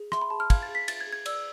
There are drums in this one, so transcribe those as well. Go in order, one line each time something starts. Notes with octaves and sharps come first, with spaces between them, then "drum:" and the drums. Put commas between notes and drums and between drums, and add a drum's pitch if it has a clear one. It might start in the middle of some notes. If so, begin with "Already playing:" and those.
Already playing: G#4
E5 C6, drum: rim click
B5
G#4 A5
F6
F5 G#6, drum: kick, cymbal
A6
G#4
B6
E5 A6, drum: cymbal
G#6
G#4
G#6
D5 E6, drum: cymbal